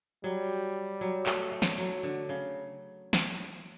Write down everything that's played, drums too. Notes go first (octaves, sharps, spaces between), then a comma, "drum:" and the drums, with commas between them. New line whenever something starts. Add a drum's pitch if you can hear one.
F#3 G3
F#3
A3, drum: clap
A3
drum: snare
F#3, drum: hi-hat
D3
C#3
drum: snare